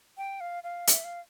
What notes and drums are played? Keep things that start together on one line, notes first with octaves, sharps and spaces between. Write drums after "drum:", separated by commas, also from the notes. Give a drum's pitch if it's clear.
G5
F5
F5
E5, drum: hi-hat
F5